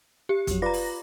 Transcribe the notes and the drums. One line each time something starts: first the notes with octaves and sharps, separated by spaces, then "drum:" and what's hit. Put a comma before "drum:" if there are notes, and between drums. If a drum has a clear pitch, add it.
G4 C#7
F2 F#3, drum: kick, hi-hat
F4 B4 D5 A#5 A#6
drum: open hi-hat